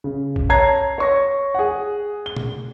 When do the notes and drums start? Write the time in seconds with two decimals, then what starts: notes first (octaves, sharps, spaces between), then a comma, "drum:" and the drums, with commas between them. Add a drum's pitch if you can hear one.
0.04 C#3
0.36 drum: kick A#1
0.49 C#5 A5 A#5 G#6 C7
0.98 C#5 C#6 A#6
1.54 G#4 F#5
2.26 G7
2.37 drum: tom B2